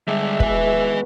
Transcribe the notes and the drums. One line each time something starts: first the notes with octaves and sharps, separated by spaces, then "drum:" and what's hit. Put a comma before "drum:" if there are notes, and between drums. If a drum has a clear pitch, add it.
D3 G3 G#3 E5
B2 B4 G#5, drum: kick